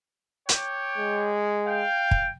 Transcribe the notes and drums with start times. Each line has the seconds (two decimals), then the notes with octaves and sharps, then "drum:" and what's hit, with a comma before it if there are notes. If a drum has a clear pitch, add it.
0.49 C#5 G5 D6, drum: hi-hat
0.98 G#3
1.67 F5 G5
2.11 drum: kick